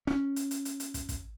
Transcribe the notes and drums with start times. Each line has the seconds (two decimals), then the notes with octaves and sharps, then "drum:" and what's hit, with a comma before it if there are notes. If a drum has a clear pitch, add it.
0.07 C#4, drum: rim click
0.36 drum: hi-hat
0.51 drum: hi-hat
0.65 drum: hi-hat
0.80 drum: hi-hat
0.94 drum: kick, hi-hat
1.09 drum: kick, hi-hat